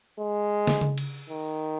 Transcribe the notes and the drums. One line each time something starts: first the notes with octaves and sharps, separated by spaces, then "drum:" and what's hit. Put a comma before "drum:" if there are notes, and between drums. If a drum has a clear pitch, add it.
G#3
drum: snare
drum: tom C#3
drum: cymbal
D#3